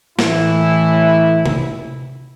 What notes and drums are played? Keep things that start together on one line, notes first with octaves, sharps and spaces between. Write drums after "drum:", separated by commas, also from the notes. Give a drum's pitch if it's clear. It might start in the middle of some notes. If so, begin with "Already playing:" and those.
A2 E3 E4, drum: snare
drum: tom C3